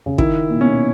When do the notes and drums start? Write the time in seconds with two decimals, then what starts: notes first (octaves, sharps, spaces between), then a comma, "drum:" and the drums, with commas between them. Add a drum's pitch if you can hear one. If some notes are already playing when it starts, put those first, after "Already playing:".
0.06 C#3
0.18 D#3 E4, drum: kick
0.50 A#2
0.61 B2 C#4